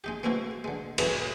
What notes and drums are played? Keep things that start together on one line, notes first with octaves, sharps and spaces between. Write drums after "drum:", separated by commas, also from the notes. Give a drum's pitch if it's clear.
G#3 D#4 G4
E3 A3 A#3 C4 E4 F#4
D3 G#3
G2 E3 F#4 G#4 A4, drum: cymbal